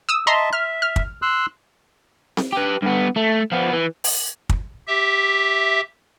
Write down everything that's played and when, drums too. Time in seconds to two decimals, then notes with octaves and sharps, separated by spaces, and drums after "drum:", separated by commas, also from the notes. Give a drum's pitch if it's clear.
0.09 D#6 E6
0.27 D#5 E5 A5 A#5 C6
0.53 E5 F6
0.82 F6
0.96 drum: kick
1.22 C6 E6 F#6
2.37 drum: snare C4
2.52 G4 B4
2.82 G2 B3
3.16 A3
3.52 F3 B3
3.73 E3
4.04 drum: open hi-hat
4.49 drum: kick
4.87 G4 E5